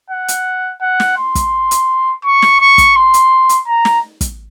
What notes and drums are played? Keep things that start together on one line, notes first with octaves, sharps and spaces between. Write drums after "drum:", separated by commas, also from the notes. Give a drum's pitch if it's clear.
F#5
drum: hi-hat
F#5
drum: snare
C6
drum: kick, hi-hat
drum: hi-hat
C#6
drum: snare
C#6
drum: kick, hi-hat
C6
drum: hi-hat
drum: hi-hat
A#5
drum: snare
drum: kick, hi-hat